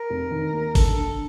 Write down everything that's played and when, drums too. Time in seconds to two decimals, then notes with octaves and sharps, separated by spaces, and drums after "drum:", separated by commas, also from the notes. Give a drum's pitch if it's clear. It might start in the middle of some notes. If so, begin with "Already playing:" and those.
Already playing: A#4
0.10 F1
0.31 D#3
0.54 D#2
0.75 D3 A4, drum: kick, open hi-hat
0.97 D3